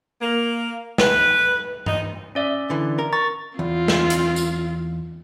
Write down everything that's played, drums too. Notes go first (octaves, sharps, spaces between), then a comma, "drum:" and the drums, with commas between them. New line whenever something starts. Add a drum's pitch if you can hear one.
A#3
B4, drum: snare
D#4, drum: tom G2
C#4 D5 E5
D3 E3
A#4
A#5 C#6 A6
E2 C4 F4
drum: snare
drum: hi-hat
drum: tambourine